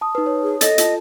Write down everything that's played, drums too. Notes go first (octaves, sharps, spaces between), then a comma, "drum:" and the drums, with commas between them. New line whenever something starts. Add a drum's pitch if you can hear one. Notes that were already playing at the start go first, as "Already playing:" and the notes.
A5 D#6
D#4 B4
C#5
G#4
A4 D#5, drum: hi-hat
F4 A5, drum: hi-hat